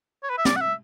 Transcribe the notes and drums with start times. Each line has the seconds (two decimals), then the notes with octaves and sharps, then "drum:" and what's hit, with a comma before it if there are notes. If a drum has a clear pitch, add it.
0.23 C#5
0.29 B4
0.38 E5
0.45 D5, drum: snare
0.56 F#5
0.61 E5